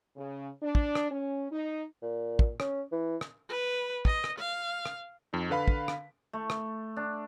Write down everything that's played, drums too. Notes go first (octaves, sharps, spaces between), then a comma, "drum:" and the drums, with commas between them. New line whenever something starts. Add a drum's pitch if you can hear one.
C#3
D4
drum: kick
drum: rim click
C#4
D#4
A#2
drum: kick
C#4, drum: rim click
E3
drum: rim click
B4
D#5, drum: kick
drum: rim click
F5
drum: rim click
F2 D#4
D3 B4 F5 B5 B6
drum: kick
drum: rim click
A3
drum: rim click
D4